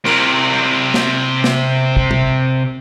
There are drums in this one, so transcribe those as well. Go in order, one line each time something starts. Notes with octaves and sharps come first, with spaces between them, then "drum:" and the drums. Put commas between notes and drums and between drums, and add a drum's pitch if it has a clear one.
C3 A#4, drum: cymbal
drum: snare
drum: snare
drum: kick
drum: tom B2